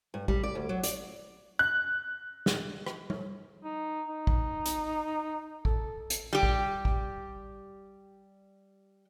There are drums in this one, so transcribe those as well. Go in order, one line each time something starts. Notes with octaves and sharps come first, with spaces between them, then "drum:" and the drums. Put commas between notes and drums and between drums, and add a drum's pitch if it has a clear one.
G2
G3, drum: kick A1
D5
D2
F#3
D5, drum: hi-hat
F#6
drum: snare
drum: rim click
drum: tom G3
D#4
D#4
drum: kick A1
drum: hi-hat
A4, drum: kick A1
drum: hi-hat
G3 G4
drum: kick A1
drum: kick A1